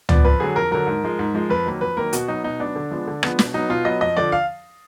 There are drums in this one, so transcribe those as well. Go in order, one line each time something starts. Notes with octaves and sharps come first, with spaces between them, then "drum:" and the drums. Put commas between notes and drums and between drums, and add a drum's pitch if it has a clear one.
F3 B3 D5, drum: tom
F2 B4
D3 F#3 G#4
F2 A#4
D3 F#3 A#4
G#2
F3 G#3
G#2
F3 G#3
F2 B4
D#3 F#3 A#3
F2 B4
D#3 F#3 A#3 A#4
B2 F#4, drum: hi-hat
F#3 B3 D#4
B2 D#4
F#3 B3 D4
D3
F3 G#3 B3
D3
F3 G#3 B3, drum: rim click
B2, drum: snare
F#3 B3 D#4
B2 F4
F#3 B3 D#5
F2 D#5
D3 F3 D5
F5